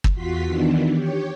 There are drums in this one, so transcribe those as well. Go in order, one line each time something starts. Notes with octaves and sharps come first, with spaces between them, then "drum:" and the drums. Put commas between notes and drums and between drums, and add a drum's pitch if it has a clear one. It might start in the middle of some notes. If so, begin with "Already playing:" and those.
drum: kick
E2 F4 F#4 C6 B6
D#3 E3 B3 D4
G4 C#5